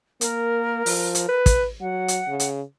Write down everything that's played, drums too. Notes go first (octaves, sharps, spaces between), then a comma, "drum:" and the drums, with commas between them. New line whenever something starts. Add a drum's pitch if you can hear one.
A#3 A#4, drum: hi-hat
F3, drum: open hi-hat
drum: hi-hat
B4
drum: kick, hi-hat
F#3 F#5
drum: hi-hat
C#3
drum: hi-hat